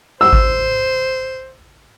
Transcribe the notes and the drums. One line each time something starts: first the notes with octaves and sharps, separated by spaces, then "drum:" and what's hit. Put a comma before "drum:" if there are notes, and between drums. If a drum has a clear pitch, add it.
C5 E6
drum: kick G#1